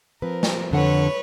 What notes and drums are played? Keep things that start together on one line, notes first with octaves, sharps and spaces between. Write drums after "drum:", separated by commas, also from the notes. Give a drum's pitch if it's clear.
F3 C4 A#4 B4
drum: snare
F2 D3 B4 C#5 F#5